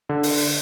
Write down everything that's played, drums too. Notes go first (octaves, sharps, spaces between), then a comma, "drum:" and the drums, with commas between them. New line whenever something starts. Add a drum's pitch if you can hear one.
D3
drum: open hi-hat
drum: open hi-hat